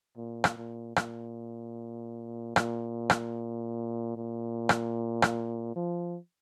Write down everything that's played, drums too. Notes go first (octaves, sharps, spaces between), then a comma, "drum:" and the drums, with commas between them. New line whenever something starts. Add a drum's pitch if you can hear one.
A#2
drum: rim click
A#2
A#2, drum: rim click
A#2, drum: rim click
drum: rim click
A#2
drum: rim click
drum: rim click
F3